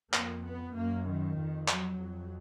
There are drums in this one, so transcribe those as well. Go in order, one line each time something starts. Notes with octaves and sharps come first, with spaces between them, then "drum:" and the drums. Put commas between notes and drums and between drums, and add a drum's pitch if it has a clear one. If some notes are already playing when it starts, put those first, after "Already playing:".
F2 A#3, drum: clap
B3
F#2 A#3
D#3
F2
F#3, drum: clap
F2